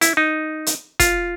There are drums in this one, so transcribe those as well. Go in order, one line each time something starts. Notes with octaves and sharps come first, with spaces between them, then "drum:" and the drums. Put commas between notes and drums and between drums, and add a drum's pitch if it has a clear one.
E4, drum: hi-hat
D#4
drum: hi-hat
F4, drum: kick, hi-hat